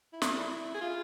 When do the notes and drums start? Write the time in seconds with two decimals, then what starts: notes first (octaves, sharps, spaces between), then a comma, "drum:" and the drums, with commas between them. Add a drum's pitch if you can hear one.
0.13 E4
0.22 D4, drum: snare
0.31 E4
0.74 G#4
0.81 F4